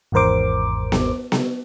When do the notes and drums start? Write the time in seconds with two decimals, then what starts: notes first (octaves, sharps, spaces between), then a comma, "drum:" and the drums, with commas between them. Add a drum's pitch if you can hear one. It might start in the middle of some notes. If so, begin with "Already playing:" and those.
0.12 G#1 E2 G#2 A#4 C5 D6
0.92 drum: snare B3
1.32 drum: snare B3